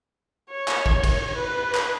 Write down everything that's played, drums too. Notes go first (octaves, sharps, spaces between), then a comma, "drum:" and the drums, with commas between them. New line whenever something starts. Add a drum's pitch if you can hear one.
C#5
drum: clap
drum: kick
drum: kick, cymbal
B4
drum: clap